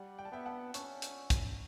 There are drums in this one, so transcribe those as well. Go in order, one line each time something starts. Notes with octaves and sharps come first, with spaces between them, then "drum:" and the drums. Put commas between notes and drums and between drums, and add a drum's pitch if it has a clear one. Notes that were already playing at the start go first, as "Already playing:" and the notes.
Already playing: G3 D5 F#5
G5
A5
B3 E5 G5
F#5 A5
C#4 A5 C#6, drum: hi-hat
drum: hi-hat
drum: kick, hi-hat